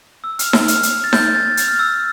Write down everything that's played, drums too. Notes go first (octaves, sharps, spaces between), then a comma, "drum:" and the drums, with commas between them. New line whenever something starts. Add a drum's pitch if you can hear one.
E6
F6, drum: hi-hat
E6, drum: snare D#4
F6, drum: hi-hat
drum: hi-hat
A6
G6, drum: snare D#4
A6
drum: hi-hat
F6
E6